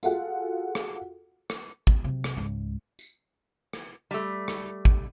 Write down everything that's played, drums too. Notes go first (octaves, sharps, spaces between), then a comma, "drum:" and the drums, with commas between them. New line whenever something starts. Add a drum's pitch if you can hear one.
F4 F#4 G#4 A4 F5 F#5, drum: tambourine
drum: rim click
drum: rim click
drum: kick
C3 F#3
drum: rim click
C#2 G#2
drum: tambourine
drum: rim click
G3 A3
drum: rim click
drum: kick